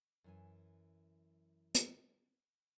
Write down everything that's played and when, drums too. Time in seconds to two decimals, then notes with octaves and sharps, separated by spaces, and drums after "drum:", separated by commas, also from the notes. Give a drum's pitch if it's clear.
0.24 F#2 E3 G#5
1.75 drum: hi-hat